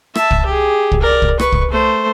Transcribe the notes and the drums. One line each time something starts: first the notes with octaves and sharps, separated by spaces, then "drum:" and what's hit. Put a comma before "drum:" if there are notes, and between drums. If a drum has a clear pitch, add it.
E5 A5, drum: rim click
drum: kick
G4 G#4
drum: kick
A#4 D5
drum: kick
B4 C#6, drum: rim click
drum: kick
A3 C5